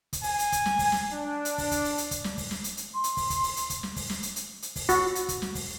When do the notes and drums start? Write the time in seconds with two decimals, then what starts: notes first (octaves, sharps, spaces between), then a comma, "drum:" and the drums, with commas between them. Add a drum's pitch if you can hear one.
0.13 drum: kick, hi-hat
0.23 G#5, drum: open hi-hat
0.39 drum: hi-hat
0.52 drum: kick, hi-hat
0.66 drum: snare
0.79 drum: kick, open hi-hat
0.92 drum: snare
1.12 D4
1.45 drum: hi-hat
1.58 drum: kick, open hi-hat
1.71 drum: kick, hi-hat
1.85 drum: open hi-hat
1.98 drum: hi-hat
2.11 drum: kick, hi-hat
2.24 drum: snare
2.38 drum: kick, open hi-hat
2.51 drum: snare
2.64 drum: hi-hat
2.77 drum: hi-hat
2.95 C6
3.04 drum: hi-hat
3.17 drum: kick, open hi-hat
3.30 drum: kick, hi-hat
3.43 drum: open hi-hat
3.57 drum: hi-hat
3.70 drum: kick, hi-hat
3.83 drum: snare
3.96 drum: kick, open hi-hat
4.10 drum: snare
4.23 drum: hi-hat
4.36 drum: hi-hat
4.62 drum: hi-hat
4.76 drum: kick, open hi-hat
4.89 F#4, drum: kick, hi-hat
5.15 drum: hi-hat
5.29 drum: kick, hi-hat
5.42 drum: snare
5.55 drum: kick, open hi-hat